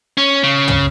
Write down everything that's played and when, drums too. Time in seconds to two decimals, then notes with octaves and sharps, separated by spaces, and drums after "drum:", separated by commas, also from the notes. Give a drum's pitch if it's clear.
0.17 C#4
0.43 C#3
0.68 drum: tom